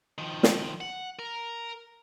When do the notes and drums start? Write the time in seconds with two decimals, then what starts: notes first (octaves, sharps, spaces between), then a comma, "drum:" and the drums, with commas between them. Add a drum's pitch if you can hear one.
0.18 D#3 F3
0.43 drum: snare
0.81 F#5
1.19 A#4